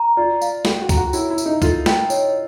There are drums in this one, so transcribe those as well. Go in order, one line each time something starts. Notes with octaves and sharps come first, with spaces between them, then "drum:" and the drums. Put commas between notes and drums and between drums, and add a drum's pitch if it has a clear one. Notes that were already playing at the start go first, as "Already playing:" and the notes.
Already playing: A#5
F4 D5
F5, drum: tambourine
G4 A4, drum: snare
F#4
A#5, drum: kick C#2, tambourine
F#4
E4 C#5, drum: tambourine
E4
E5, drum: tambourine
D#4
F4 A4, drum: kick C#2, tambourine
G5, drum: snare
C#5, drum: tambourine